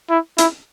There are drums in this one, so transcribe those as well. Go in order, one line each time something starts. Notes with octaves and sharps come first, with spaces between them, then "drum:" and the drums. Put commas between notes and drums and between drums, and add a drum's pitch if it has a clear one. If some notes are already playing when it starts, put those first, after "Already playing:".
E4
E4, drum: hi-hat